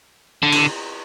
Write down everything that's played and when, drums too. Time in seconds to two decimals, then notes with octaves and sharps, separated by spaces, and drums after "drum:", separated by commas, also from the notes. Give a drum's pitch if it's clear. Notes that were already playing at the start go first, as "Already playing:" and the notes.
0.43 D3
0.52 drum: cymbal